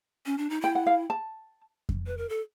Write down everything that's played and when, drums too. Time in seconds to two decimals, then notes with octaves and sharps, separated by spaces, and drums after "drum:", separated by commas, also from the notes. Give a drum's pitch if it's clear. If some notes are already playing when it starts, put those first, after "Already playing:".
0.26 C#4
0.38 D4
0.50 D#4
0.61 E4 G5
0.75 F#5
0.87 F5
1.10 A5
1.89 drum: kick F2
2.07 B4
2.18 A#4
2.29 A4